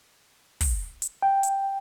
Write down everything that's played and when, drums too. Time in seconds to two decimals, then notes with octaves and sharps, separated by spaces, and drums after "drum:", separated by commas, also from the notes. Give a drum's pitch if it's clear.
0.61 drum: kick, open hi-hat
1.02 drum: hi-hat
1.22 G5
1.43 drum: hi-hat